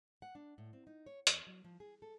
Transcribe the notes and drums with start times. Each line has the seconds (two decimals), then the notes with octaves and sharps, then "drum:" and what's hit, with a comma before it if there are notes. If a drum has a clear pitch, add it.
0.22 F#5
0.35 D4
0.58 A2
0.73 C4
0.87 D#4
1.06 C#5
1.27 E2, drum: hi-hat
1.47 F#3
1.64 F3
1.80 G#4
2.02 A4